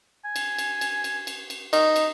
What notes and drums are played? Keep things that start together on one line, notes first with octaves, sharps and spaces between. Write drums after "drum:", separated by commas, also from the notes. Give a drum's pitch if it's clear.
G#5
drum: cymbal
drum: cymbal
drum: cymbal
drum: cymbal
drum: cymbal
drum: cymbal
D#4, drum: cymbal
drum: cymbal